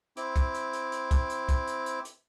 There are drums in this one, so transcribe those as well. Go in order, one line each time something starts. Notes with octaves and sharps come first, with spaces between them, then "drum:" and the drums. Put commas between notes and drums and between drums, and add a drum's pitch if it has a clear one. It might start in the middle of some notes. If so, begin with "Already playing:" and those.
C4 E4 D6, drum: hi-hat
drum: kick, hi-hat
drum: hi-hat
drum: hi-hat
drum: hi-hat
drum: kick, hi-hat
drum: hi-hat
drum: kick, hi-hat
drum: hi-hat
drum: hi-hat
drum: hi-hat